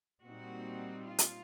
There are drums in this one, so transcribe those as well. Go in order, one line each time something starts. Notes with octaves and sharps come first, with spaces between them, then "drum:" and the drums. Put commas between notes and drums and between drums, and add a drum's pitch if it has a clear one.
A#2 G3 C4 D#4 F#4
F4
drum: hi-hat